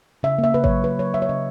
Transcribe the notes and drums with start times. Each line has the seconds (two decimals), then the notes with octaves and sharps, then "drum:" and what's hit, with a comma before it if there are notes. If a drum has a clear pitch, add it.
0.23 C#3 E5
0.38 A#3
0.44 E5
0.54 C#3 B4
0.64 C#5, drum: kick A1
0.69 F#3
0.84 C#3 B4
0.99 F#3 C#5
1.14 A#3 E5
1.22 C#5
1.29 C#3 D#5